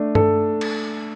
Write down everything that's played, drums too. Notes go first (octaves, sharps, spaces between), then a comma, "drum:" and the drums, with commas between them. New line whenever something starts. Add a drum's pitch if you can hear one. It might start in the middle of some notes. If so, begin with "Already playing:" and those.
Already playing: A3 D4
A4, drum: tom G2
drum: cymbal